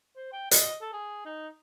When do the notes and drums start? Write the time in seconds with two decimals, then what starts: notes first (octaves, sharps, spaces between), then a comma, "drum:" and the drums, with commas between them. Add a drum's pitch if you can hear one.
0.16 C5
0.33 G5
0.51 D#5, drum: hi-hat
0.81 A4
0.93 G#4
1.26 D#4